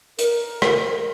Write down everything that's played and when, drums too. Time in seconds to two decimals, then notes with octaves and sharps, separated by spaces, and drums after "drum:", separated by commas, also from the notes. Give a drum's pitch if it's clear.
0.19 A#4, drum: hi-hat
0.62 drum: rim click